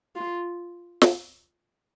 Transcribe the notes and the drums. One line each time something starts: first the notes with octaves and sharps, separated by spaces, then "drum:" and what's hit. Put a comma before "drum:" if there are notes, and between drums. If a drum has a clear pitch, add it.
F4
drum: snare